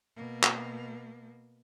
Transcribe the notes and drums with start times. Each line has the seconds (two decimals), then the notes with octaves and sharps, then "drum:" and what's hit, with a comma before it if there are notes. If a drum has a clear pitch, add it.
0.16 B2 A#3
0.43 drum: clap